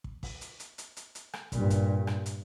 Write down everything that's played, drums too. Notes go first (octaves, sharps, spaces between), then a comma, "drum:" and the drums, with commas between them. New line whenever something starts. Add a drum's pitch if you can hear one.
drum: kick
drum: kick, open hi-hat
drum: hi-hat
drum: hi-hat
drum: hi-hat
drum: hi-hat
drum: hi-hat
drum: rim click
G2 A#2, drum: kick, hi-hat
drum: kick, hi-hat
drum: rim click
drum: hi-hat